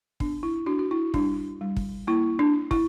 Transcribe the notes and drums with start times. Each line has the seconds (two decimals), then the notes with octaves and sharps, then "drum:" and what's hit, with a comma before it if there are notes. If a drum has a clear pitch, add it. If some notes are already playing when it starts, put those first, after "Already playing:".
0.20 B3 D4, drum: kick
0.43 E4
0.66 D4 F#4
0.79 F#4
0.91 E4
1.14 G3 D4, drum: kick
1.61 G3
1.77 drum: kick
2.07 A#3 E4
2.39 D4
2.55 D4
2.71 E4, drum: kick